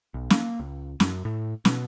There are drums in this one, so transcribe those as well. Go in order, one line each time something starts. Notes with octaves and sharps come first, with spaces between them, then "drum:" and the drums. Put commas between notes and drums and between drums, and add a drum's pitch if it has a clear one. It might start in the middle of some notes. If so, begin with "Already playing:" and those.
B1
A#3, drum: snare
C#2
F#2, drum: snare
A2
B2, drum: snare